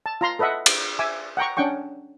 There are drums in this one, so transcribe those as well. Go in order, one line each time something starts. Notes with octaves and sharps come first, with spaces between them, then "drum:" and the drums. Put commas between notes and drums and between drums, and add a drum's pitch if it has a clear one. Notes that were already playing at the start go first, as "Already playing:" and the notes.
A5
F4 A#5 C6
A4 B4 D#5 E5 F#5
drum: cymbal
E5 G#5 D6 E6
F#5 G5 A#5 C#6
C#4 D4 F#5 G5 C#6